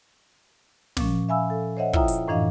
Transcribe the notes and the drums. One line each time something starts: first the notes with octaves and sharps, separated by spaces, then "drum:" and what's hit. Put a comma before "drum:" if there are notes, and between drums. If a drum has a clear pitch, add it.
A#2 F3 C#4, drum: snare
E5 F5 G#5 B5 E6
A4
C5 C#5 D#5 E5 F#5
E4 F4 E5 G5 A#5 D#6, drum: kick
drum: hi-hat
F#2 A2 E3 D4 D#5 F5